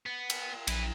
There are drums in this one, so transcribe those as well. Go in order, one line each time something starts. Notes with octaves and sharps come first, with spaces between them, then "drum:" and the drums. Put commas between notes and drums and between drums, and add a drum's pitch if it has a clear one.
B3
drum: cymbal
A#1 E4 B4, drum: cymbal